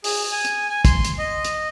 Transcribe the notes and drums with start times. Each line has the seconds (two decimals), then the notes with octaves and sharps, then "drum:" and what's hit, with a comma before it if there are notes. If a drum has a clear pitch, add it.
0.04 G#4, drum: open hi-hat
0.32 G#5
0.45 drum: hi-hat
0.69 G#5
0.85 C6, drum: kick, hi-hat
1.05 drum: hi-hat
1.18 D#5
1.45 drum: hi-hat